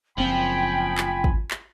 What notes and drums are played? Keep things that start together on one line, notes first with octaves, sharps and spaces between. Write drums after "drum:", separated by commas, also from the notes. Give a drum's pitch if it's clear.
F#1 F3 C4 G5 G#5 B5
drum: clap
drum: kick
drum: clap